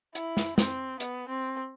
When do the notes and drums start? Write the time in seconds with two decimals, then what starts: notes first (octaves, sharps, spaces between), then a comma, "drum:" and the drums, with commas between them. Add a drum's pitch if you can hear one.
0.15 E4, drum: hi-hat
0.37 drum: snare
0.58 C4, drum: snare
1.00 B3, drum: hi-hat
1.29 C4